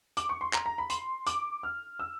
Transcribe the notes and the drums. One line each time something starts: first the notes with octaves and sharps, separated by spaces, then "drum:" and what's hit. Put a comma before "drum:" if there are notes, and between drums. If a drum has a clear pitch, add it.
D6, drum: hi-hat
C#6
C6
A#5, drum: clap
A#5
B5
C6, drum: hi-hat
D6, drum: hi-hat
F6
E6